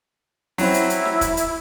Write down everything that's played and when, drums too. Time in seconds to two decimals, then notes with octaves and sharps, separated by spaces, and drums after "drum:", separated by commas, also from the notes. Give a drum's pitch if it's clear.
0.58 F#3 C4 E4, drum: open hi-hat
0.74 drum: hi-hat
0.90 drum: hi-hat
1.05 drum: snare
1.21 drum: kick, hi-hat
1.37 drum: hi-hat